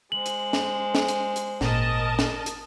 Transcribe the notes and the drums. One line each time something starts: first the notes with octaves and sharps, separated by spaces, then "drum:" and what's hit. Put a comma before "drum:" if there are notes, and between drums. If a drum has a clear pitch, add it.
G#3 C5 F#7
drum: hi-hat
drum: snare
drum: snare
drum: hi-hat
drum: hi-hat
G#1 A#2 A#4 D#5 A5, drum: snare
drum: snare
drum: hi-hat